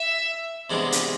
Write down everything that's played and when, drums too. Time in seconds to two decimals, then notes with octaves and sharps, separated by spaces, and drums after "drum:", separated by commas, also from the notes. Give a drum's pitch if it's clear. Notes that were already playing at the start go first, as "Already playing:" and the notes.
Already playing: E5
0.70 C3 E3 G#3 B3 D4
0.92 drum: hi-hat